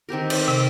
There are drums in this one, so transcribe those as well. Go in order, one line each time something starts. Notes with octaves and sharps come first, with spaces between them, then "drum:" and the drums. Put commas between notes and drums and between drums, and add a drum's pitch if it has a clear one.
D#3 C4 G4 A#4
drum: cymbal
C3